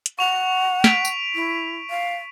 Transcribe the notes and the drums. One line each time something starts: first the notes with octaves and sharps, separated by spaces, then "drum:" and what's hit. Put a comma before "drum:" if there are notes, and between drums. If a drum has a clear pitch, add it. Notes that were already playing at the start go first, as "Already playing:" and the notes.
drum: hi-hat
F#5 C#6 F7
B6 D7 F7, drum: snare
drum: tambourine
E4
F5